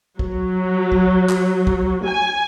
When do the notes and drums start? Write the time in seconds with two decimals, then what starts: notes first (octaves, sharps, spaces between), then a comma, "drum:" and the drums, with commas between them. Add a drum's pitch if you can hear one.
0.19 F#3, drum: kick
0.92 drum: kick
1.29 drum: clap
1.67 drum: kick
2.05 G#5